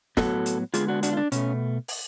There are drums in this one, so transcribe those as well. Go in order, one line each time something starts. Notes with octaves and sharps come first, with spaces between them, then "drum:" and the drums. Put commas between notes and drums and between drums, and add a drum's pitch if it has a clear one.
A2 F#3 B3 F#4 A4, drum: snare
drum: hi-hat
D3 G#3 B3 F4 G#4, drum: hi-hat
D4 F#4
D4 F#4, drum: hi-hat
F4
D4
B2 A3 C#4, drum: hi-hat
drum: open hi-hat